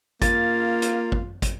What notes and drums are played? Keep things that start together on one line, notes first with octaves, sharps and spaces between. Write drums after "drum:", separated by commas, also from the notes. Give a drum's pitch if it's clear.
A#3 F4 A6, drum: kick, hi-hat
drum: hi-hat
drum: kick
drum: kick, hi-hat